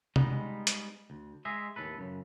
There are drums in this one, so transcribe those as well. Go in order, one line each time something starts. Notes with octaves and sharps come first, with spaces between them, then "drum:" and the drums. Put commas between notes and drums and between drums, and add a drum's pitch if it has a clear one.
G3 G#3 B3 D#4, drum: tom
drum: hi-hat
D2
G#3 G#4 D#5 E5
D#2 A2 A4 B4
F#2 C#3